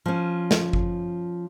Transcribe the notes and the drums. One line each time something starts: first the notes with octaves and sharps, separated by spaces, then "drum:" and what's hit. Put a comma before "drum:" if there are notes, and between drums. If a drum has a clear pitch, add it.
F3 C#4
drum: snare
drum: kick G1